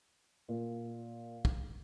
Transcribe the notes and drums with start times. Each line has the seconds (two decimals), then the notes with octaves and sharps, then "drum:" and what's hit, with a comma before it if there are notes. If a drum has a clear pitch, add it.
0.49 A#2
1.45 drum: kick